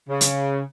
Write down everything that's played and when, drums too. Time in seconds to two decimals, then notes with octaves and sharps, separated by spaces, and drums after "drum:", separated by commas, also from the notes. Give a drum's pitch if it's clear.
0.09 C#3
0.21 drum: hi-hat